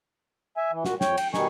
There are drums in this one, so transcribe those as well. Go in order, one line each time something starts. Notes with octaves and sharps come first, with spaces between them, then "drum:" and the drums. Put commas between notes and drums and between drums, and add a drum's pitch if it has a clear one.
E5 G#5
E3
A#2 F#4, drum: snare
F2 C#5 G5, drum: snare
G5, drum: cymbal
B2 D#3 G3 D#4 G#5 C#6, drum: snare